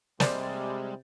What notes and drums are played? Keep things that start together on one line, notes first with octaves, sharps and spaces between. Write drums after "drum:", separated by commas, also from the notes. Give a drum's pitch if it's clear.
C3 G3 G#3 C5 D5, drum: snare